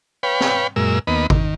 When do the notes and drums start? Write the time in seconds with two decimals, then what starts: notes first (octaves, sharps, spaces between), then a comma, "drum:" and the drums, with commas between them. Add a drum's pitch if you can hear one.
0.23 B4 C#5 F5 G5 B5
0.40 drum: snare
0.76 F#2 A#2 G#3 A#4 E6
1.07 D#2 A#3 B3 D#5 B5
1.30 D#3, drum: kick G#1